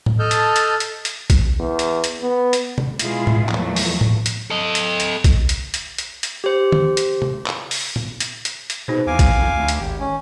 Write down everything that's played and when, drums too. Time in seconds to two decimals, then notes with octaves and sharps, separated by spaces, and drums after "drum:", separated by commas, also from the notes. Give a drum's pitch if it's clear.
0.06 drum: tom A2
0.19 A4 D#5 A5 F6 G6
0.31 drum: hi-hat
0.56 drum: hi-hat
0.80 drum: hi-hat
1.05 drum: hi-hat
1.30 drum: kick A#1, hi-hat
1.59 E2
1.79 drum: hi-hat
2.04 drum: hi-hat
2.21 B3
2.53 drum: hi-hat
2.78 drum: tom C3
2.99 B2 G#3 E4 F4 G#4, drum: hi-hat
3.27 drum: tom A2
3.49 E2 A#2 F3 F#3 A3, drum: clap
3.76 drum: open hi-hat
4.01 drum: tom A2
4.26 drum: hi-hat
4.50 A4 D#5
4.75 drum: hi-hat
5.00 drum: hi-hat
5.24 drum: kick A#1, hi-hat
5.49 drum: hi-hat
5.74 drum: hi-hat
5.98 drum: hi-hat
6.23 drum: hi-hat
6.44 G4 C5
6.72 drum: tom
6.97 drum: hi-hat
7.22 drum: tom C3
7.46 drum: clap
7.71 drum: open hi-hat
7.96 drum: tom
8.20 drum: hi-hat
8.45 drum: hi-hat
8.70 drum: hi-hat
8.88 B2 D#4 G#4 C5
9.07 E2 F5 G#5 D6
9.19 drum: kick A#1, hi-hat
9.36 F2
9.56 D2
9.68 drum: hi-hat
9.80 G#1 G4
9.99 C#4